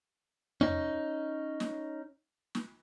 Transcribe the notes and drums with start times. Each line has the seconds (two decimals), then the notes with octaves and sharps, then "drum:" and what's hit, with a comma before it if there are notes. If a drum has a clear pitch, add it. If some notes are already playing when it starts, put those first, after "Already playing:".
0.61 C#4 D#4, drum: tom E2
1.60 drum: snare
2.55 drum: snare